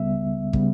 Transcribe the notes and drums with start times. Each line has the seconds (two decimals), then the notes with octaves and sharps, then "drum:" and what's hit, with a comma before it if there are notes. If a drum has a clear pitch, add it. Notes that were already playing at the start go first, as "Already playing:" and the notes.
Already playing: C#2 C#3 G3 B3 E5
0.53 C#3 G3 B3, drum: kick